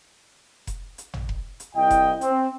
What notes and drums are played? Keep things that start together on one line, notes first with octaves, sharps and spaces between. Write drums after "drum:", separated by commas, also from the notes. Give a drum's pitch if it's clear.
drum: kick F1, hi-hat
drum: hi-hat
drum: tom
drum: kick F1
drum: hi-hat
C2 E4 D#5 G5
drum: kick F1, hi-hat
C4, drum: hi-hat